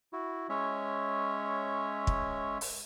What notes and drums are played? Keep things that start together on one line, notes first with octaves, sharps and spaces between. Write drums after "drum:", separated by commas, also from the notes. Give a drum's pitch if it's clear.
E4 F#4
G#3 C#4 C#5 E5
drum: kick
drum: open hi-hat